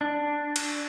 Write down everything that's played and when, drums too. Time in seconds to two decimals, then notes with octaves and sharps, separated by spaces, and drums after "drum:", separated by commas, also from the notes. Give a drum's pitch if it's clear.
0.01 D4
0.56 drum: cymbal